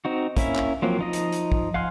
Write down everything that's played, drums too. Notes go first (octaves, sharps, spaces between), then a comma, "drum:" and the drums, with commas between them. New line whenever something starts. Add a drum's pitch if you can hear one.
C4 D#4 F#4
A#3 C#4 E4 E5, drum: kick, hi-hat
drum: clap
F3 F#3 A#3 C4
F3 D#4 D#5
drum: hi-hat
drum: hi-hat
drum: kick
F5 F#5 G#5 C6 F6